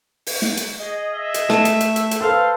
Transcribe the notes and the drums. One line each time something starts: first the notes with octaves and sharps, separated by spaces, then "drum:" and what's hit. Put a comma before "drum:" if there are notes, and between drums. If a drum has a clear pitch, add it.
drum: open hi-hat
drum: snare
drum: hi-hat
G#4 D#5
E5
drum: hi-hat
A3, drum: snare
drum: hi-hat
drum: hi-hat
drum: hi-hat
drum: hi-hat
A4 B4 C5 F5